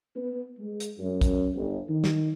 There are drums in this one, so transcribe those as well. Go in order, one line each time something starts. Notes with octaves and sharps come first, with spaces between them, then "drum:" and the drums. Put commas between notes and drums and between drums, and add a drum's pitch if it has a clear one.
B3
G#3
drum: hi-hat
F#2
drum: kick, hi-hat
G1
D#3
drum: snare